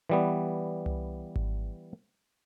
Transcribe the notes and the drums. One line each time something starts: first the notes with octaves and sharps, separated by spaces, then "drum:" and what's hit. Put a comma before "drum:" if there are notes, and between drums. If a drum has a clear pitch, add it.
E3 G3 B3
drum: tom C2
drum: kick G#1